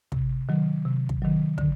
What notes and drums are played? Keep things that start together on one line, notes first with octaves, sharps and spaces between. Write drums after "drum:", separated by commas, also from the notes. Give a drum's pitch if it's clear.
C3, drum: kick
D#3 F#3
C3
drum: kick
D#3 F#3
D3, drum: kick